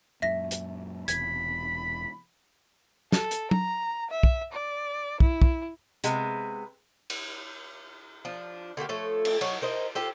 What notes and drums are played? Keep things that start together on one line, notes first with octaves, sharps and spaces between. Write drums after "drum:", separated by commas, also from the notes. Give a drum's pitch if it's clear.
F#2 A#2 E5 A#6
drum: hi-hat
E1 E2 C3 B5 G#6, drum: hi-hat
A4, drum: snare
drum: hi-hat
A#5, drum: tom
E5
drum: kick
D5
E4, drum: kick
drum: kick
C3 G#3 B3, drum: hi-hat
drum: cymbal
F3 D4
D3 A3 A#3 G4
F3 A3 A4 C#5
drum: cymbal
F#3 D#4 C#5, drum: cymbal
A#4 C5 D#5
F4 G4 A4 C5